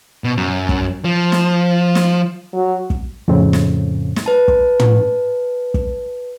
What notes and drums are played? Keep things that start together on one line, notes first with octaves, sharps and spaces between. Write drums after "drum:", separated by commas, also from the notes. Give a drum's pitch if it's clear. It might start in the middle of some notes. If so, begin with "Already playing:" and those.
B2
F#2
drum: kick
F3
drum: snare
drum: snare
F#3
drum: kick
F2 A2 C#3 C4
drum: snare
drum: snare
B4 A5
drum: kick
drum: tom
drum: kick